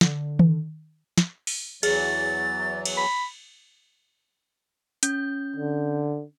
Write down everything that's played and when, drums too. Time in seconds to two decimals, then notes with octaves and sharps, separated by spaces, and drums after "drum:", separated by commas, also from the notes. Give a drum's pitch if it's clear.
0.01 D3, drum: snare
0.39 drum: tom D#3
1.18 drum: snare
1.47 drum: open hi-hat
1.83 E2 E3 F#3 G#4 A6, drum: cymbal
2.85 drum: cymbal
2.97 B5
5.03 C#4 G6, drum: hi-hat
5.56 D3